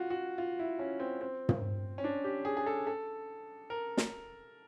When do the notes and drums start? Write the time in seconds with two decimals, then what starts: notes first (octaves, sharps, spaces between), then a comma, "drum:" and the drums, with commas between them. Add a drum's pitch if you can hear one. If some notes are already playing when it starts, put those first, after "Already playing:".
Already playing: F4 F#4
0.10 F#4
0.38 F4
0.59 E4
0.79 C#4
1.00 C4
1.21 C4
1.49 drum: tom
1.98 C#4
2.04 D4
2.24 G4
2.45 G#4
2.57 G#4
2.66 A4
2.87 A4
3.70 A#4
3.97 drum: snare